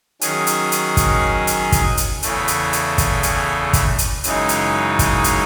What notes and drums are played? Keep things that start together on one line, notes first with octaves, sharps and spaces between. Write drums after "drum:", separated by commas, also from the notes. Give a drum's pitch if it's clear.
D#3 F#3 C#4 G#4, drum: hi-hat
drum: hi-hat
drum: hi-hat
drum: kick, hi-hat
drum: hi-hat
drum: kick, hi-hat
drum: hi-hat
E2 C#3 E3 A3, drum: hi-hat
drum: hi-hat
drum: hi-hat
drum: kick, hi-hat
drum: hi-hat
drum: kick, hi-hat
drum: hi-hat
F#2 C#3 E3 G#3 D#4, drum: hi-hat
drum: hi-hat
drum: kick, hi-hat
drum: hi-hat